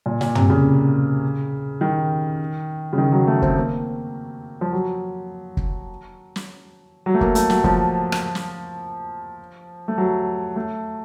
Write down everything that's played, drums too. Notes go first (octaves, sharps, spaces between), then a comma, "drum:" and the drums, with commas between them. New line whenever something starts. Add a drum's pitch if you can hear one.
A#2
A#2, drum: snare
C3, drum: tom
C#3
D#3
C#3
D#3
F#3
A3
C4, drum: kick
A#3
F3
F#3
drum: kick
drum: snare
F#3
A3
A#3, drum: kick
A3, drum: hi-hat
F#3, drum: snare
F3, drum: kick
drum: rim click
drum: snare
A3
F#3
A3